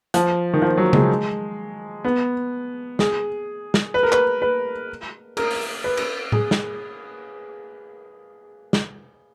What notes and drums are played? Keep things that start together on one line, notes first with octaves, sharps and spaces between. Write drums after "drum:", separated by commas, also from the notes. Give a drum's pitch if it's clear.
F3, drum: hi-hat
D#3
F3
F#3
G#3, drum: tom C#3
B3
G#4, drum: snare
drum: snare
B4
A#4
B4, drum: clap
B4
A#4, drum: cymbal
drum: open hi-hat
B4
drum: cymbal
G#4, drum: tom A2
drum: snare
drum: snare